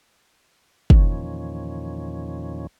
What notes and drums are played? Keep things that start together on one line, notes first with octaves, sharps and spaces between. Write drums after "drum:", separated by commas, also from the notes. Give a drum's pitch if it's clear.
E2 A#2 D#3 F3 C#4, drum: kick